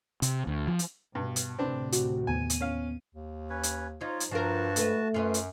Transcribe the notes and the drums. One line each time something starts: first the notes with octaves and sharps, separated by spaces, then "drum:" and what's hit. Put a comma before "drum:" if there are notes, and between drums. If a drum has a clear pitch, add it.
C3, drum: hi-hat
D2
F3
drum: hi-hat
G2 B2
drum: hi-hat
D2 A2 C3 C4 D4 B4
F#4, drum: hi-hat
D#2 B3 G#5 D#7
drum: hi-hat
C#4 F5
D#2
C#4 B4 C#5
drum: hi-hat
F3 D#4 F4 C#5
drum: hi-hat
G2 F3 F4 F#4 A#4 A5
G#2 A3 A4 B4, drum: hi-hat
F#2 F4 B4 C#5
drum: hi-hat